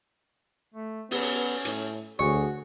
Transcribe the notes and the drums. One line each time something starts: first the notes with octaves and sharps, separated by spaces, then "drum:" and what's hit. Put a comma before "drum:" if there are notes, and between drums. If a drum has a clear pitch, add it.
A3
B3 C#4, drum: open hi-hat
A2, drum: hi-hat
D2 F#4 G#4 C#5